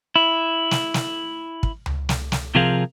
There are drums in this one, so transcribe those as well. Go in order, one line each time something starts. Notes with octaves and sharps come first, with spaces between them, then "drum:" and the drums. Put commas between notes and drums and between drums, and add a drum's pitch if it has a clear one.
E4
drum: snare
drum: snare
drum: kick
drum: tom C#2
drum: snare
drum: snare
C3 F3 C4 G#4 A#4 F5